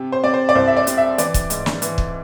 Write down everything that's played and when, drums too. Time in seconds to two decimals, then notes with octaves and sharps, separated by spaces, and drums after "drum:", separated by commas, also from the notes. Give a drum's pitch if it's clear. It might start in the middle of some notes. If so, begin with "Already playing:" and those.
Already playing: C3
0.12 C5
0.23 C3 D5
0.34 C5
0.49 D5
0.55 C2 C5
0.67 E5
0.77 D5
0.87 C3, drum: hi-hat
0.97 E5
1.18 E3 D5, drum: hi-hat
1.34 drum: kick, hi-hat
1.50 G#2, drum: hi-hat
1.66 drum: snare
1.82 E3, drum: hi-hat
1.98 drum: kick